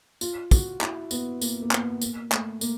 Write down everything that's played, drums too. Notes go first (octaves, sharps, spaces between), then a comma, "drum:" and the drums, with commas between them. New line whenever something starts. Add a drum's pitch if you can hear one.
F4, drum: tambourine
F#4, drum: kick, tambourine
E4, drum: clap
B3, drum: tambourine
A#3, drum: tambourine
A#3
B3, drum: clap
A#3, drum: tambourine
A3, drum: clap
A#3, drum: tambourine